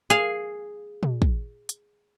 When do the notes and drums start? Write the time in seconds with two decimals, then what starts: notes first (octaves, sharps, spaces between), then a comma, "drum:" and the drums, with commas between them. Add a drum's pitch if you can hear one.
0.10 G#4 F5
1.03 drum: tom A#2
1.22 drum: kick
1.69 drum: hi-hat